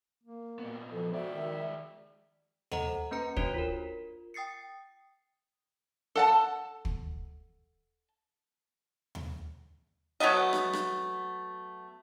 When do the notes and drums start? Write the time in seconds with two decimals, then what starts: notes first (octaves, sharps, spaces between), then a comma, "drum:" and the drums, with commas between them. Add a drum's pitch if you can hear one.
0.24 A#3
0.59 A#2 B3
0.92 F3 A4
1.13 G#3 F#4 D5 E5
1.34 D#3
2.71 A4 C5 D#5 F#5 A#5, drum: tom D#2
3.11 A#3 C#4 B4 A#5 C#7
3.37 D4 F#4 C5 C#5, drum: kick
3.54 F4 A#4
4.34 G5 D#6 A6 C7 C#7
6.16 A4 F#5 A5
6.85 drum: kick
9.15 drum: tom D#2
10.20 F#3 A3 B3 D#5
10.53 drum: rim click
10.73 drum: rim click